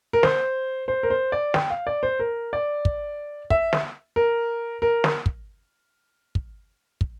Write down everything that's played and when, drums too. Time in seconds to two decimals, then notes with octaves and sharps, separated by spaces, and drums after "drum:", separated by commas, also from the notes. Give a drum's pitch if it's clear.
0.13 A#4
0.23 C5, drum: snare
0.88 C5
1.03 A#4
1.10 C5
1.32 D5
1.54 G5, drum: snare
1.70 F5
1.87 D5
2.03 C5
2.19 A#4
2.53 D5
2.85 drum: kick
3.50 E5, drum: kick
3.73 drum: snare
4.16 A#4
4.82 A#4
5.04 drum: snare
5.26 drum: kick
6.35 drum: kick
7.01 drum: kick